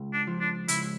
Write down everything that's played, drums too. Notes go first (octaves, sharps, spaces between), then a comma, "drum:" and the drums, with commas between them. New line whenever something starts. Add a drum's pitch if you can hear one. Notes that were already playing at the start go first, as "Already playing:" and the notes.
Already playing: C#2
D4
F3
D4
C#2 E4, drum: hi-hat